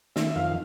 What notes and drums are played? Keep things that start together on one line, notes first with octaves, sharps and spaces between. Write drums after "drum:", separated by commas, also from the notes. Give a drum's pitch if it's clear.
D#3 E5, drum: snare
E5
F2 F5